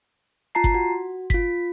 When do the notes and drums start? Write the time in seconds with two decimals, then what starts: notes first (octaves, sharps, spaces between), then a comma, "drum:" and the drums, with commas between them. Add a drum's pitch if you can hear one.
0.55 F4 A5 A#5 C7
0.64 drum: kick G1
0.75 F#4
1.30 F4 B6, drum: kick G1